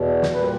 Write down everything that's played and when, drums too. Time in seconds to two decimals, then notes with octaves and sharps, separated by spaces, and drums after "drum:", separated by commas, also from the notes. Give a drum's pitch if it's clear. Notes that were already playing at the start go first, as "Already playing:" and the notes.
Already playing: E2 B2
0.23 drum: snare
0.34 A#2 G3 B4